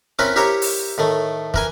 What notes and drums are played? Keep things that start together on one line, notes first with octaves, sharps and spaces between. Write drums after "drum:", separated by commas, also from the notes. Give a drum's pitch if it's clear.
C4 C#4 E4 A#4 B4
E4 G4 A#4 C5 C#5 A#5
drum: open hi-hat
A2 D#3 A3
E3 A#4 G#5, drum: kick